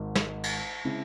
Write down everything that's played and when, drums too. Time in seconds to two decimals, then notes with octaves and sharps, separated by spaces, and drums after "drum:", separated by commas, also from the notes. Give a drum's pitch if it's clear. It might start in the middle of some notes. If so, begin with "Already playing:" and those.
Already playing: G#1 G#2
0.15 drum: snare
0.43 drum: cymbal
0.84 C#3 G#3 C4 E4